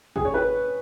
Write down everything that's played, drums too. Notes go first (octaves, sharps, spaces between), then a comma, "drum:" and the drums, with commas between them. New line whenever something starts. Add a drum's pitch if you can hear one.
G#4, drum: kick
C#5
B4